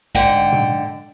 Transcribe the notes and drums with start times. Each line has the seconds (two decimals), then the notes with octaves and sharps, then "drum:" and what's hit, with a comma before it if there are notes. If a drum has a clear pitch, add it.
0.15 G#2 D3 F#5 G5, drum: kick
0.53 drum: tom A#2